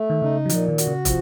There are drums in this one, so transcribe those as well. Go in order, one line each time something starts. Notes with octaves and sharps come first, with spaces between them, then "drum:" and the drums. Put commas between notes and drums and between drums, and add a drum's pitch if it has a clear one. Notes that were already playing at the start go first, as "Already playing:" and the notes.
Already playing: A3
D#3
C#3 D#4
F#3
A#2 F3, drum: hi-hat
D#3
F#4, drum: hi-hat
C#3
C3 F3, drum: kick, hi-hat